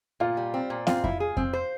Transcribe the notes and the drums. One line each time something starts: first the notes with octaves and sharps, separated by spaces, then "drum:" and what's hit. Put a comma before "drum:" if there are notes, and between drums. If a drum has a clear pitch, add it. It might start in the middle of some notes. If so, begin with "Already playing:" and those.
A#2 F4
G3
C4
A#2
C4 F4, drum: snare
E4, drum: kick F2
G#4
C4, drum: kick F2
C5